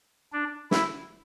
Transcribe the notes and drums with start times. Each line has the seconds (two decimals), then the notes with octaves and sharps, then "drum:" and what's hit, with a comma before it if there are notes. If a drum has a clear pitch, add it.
0.32 D4
0.71 E4, drum: snare